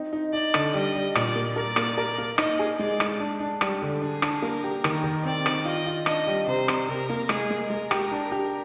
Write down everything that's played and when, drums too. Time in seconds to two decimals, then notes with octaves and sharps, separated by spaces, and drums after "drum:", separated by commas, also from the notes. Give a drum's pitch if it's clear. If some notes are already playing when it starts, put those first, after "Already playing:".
Already playing: C4 D#4
0.13 D#4
0.33 D#4 D5
0.54 D3, drum: rim click
0.74 G3 D#5
0.95 G3
1.15 A#2 D5, drum: rim click
1.36 A#3
1.56 A#4 D5
1.76 A#3, drum: rim click
1.98 A#4
2.18 A#3
2.38 D#4 D#5, drum: rim click
2.59 G#4
2.79 G#3 D5
3.00 G#3, drum: rim click
3.20 D4
3.40 D4
3.61 G3, drum: rim click
3.82 D3
4.02 D4 G#4
4.22 D4, drum: rim click
4.42 A#3 A#4
4.64 G4
4.84 D#3 A#4, drum: rim click
5.04 D#3
5.25 C4 D5
5.46 D#3, drum: rim click
5.65 F4 D#5
5.86 F4
6.06 D4 D#5, drum: rim click
6.27 G3
6.47 C3 C5
6.68 C3, drum: rim click
6.88 C3 A#4
7.10 A#3
7.29 G#3 G#4, drum: rim click
7.50 G#3
7.70 G#3 A#4
7.91 G4, drum: rim click
8.12 D4
8.32 G4